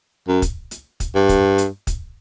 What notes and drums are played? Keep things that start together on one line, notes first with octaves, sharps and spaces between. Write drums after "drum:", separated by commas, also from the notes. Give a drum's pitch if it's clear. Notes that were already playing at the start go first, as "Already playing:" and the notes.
F#2
drum: kick, hi-hat
drum: hi-hat
drum: kick, hi-hat
G2
drum: kick, hi-hat
drum: hi-hat
drum: kick, hi-hat